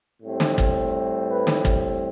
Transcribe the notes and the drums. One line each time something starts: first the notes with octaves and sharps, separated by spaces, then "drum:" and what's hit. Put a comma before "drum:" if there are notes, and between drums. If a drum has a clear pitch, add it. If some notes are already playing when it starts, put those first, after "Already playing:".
A2 G3 C4
drum: snare
drum: kick
B4
drum: snare
drum: kick